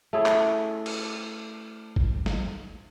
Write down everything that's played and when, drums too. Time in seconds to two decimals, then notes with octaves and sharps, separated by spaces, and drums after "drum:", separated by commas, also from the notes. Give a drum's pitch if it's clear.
0.13 A3 C#4 E4 G#4
0.26 drum: clap
0.86 drum: cymbal
1.96 drum: kick G1
2.26 drum: snare